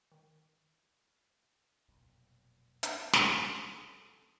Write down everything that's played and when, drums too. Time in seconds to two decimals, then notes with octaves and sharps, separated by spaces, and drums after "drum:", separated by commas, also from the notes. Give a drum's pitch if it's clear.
0.12 D#3
1.88 F1 B1 A#2
2.83 drum: hi-hat
3.13 drum: snare
3.37 A4 D#6